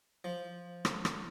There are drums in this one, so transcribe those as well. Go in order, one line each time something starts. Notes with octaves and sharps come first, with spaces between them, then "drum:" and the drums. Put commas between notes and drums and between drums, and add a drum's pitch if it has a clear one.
F3
drum: rim click
drum: rim click